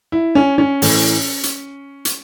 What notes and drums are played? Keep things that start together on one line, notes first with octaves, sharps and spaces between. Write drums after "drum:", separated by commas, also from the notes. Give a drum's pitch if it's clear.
E4
C#4
C#4
A2 E3, drum: open hi-hat
drum: hi-hat
drum: hi-hat